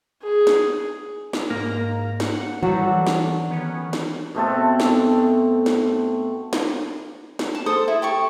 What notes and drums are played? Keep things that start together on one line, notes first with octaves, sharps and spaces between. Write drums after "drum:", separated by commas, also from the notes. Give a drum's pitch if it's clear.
G#4
drum: snare
drum: snare
G#2 A#3 A#4 A#5
F#5, drum: snare
E3 F#3 G3 F#4 A4
drum: snare
D#3 B3 C#4
drum: snare
B2 A3 C4 A4
drum: snare
drum: snare
drum: snare
drum: snare
A5
A4 C5 D#6
E4
G4 A4 C#6